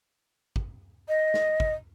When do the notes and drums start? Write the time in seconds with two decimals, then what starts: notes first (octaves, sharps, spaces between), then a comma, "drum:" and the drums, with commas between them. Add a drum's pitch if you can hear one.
0.56 drum: kick
1.08 D#5
1.34 drum: snare
1.60 drum: kick